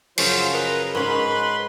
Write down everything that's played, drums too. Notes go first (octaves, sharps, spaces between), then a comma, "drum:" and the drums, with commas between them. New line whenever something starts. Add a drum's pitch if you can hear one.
F#2 C#3 F3 F#3 F4 C5, drum: cymbal
A#4 B4 D#5 A#5
G#2 C#4 D#4 B4 B5 C6